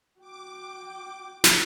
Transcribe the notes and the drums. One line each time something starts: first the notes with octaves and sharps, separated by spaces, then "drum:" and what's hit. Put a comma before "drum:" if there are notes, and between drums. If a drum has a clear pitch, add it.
F#4 G5 D6
drum: snare